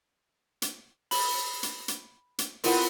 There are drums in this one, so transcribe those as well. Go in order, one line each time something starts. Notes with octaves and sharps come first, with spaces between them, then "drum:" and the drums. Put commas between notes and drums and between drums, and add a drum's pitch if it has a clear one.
drum: hi-hat
B5, drum: open hi-hat
drum: hi-hat
drum: hi-hat
drum: hi-hat
B3 C4 E4 F4 A#4, drum: open hi-hat